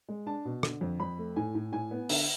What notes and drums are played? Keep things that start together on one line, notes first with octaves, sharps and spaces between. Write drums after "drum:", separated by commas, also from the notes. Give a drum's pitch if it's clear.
G#3
D4 A5
B2
D3, drum: rim click
F2
F2 B5
A3
A2 G#5
A2
A2 G#5
B3
D3 E5, drum: open hi-hat